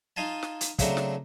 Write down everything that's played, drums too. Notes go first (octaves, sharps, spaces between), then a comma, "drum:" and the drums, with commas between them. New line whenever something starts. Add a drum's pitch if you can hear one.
D#4 F4 F5 G#5 A5
drum: snare
drum: hi-hat
C#3 F#3 A3 C4 D4 A#4, drum: kick, hi-hat
drum: snare